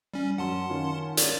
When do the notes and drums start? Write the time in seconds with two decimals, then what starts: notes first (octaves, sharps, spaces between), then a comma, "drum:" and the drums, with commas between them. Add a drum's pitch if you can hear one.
0.14 G3 C#4
0.38 F#2 F#3 F#5 A5 C6
0.70 D#3 C#4 F4
1.17 F4 A#4 C#5 D5, drum: hi-hat